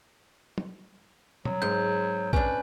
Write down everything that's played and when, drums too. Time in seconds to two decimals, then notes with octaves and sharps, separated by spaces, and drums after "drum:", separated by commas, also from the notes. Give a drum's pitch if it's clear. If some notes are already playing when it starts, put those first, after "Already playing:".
0.58 drum: tom
1.45 F#3, drum: tom B2
1.62 G#2 G6
2.33 C#4 D4 B4 G#5, drum: kick A#1